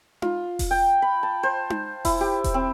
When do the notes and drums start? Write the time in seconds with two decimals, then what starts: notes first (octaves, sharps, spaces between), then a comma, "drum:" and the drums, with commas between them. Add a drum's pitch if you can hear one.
0.22 F4, drum: tom D#4
0.59 drum: kick E1, open hi-hat
0.71 G5
1.02 B5
1.23 A5
1.43 C5
1.70 drum: tom D#4
2.05 E4, drum: kick E1, open hi-hat
2.21 G4
2.44 drum: kick E1, hi-hat
2.54 C4